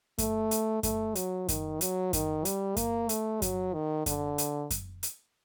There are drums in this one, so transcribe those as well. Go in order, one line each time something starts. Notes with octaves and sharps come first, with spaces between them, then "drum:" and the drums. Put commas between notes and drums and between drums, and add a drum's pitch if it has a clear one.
A3, drum: kick F#2, hi-hat
drum: hi-hat
A3, drum: kick F#2, hi-hat
F#3, drum: hi-hat
D#3, drum: kick F#2, hi-hat
F#3, drum: hi-hat
D#3, drum: kick F#2, hi-hat
G3, drum: hi-hat
A#3, drum: kick F#2, hi-hat
A3, drum: hi-hat
F#3, drum: kick F#2, hi-hat
D#3
D3, drum: kick F#2, hi-hat
drum: hi-hat
drum: kick F#2, hi-hat
drum: hi-hat